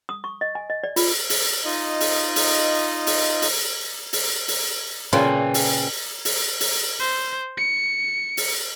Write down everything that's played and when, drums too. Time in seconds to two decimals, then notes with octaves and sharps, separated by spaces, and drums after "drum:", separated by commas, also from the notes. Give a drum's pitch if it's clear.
0.09 D#6
0.24 C#6
0.41 D#5
0.55 G#5
0.70 D#5
0.84 D5
0.96 F4, drum: open hi-hat
1.30 drum: open hi-hat
1.65 D#4 F4 D#5
2.00 drum: open hi-hat
2.36 drum: open hi-hat
3.07 drum: open hi-hat
3.42 drum: open hi-hat
4.13 drum: open hi-hat
4.48 drum: open hi-hat
5.13 A#2 C#3 F4 B4 G5 G#5
5.54 drum: open hi-hat
6.25 drum: open hi-hat
6.60 drum: open hi-hat
7.00 C5
7.58 C#7
8.37 drum: open hi-hat